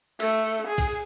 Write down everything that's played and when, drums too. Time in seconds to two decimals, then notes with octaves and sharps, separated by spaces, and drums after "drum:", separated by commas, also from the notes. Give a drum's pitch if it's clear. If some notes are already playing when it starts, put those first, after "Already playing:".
0.20 A3, drum: cymbal
0.67 G#4
0.78 drum: kick, cymbal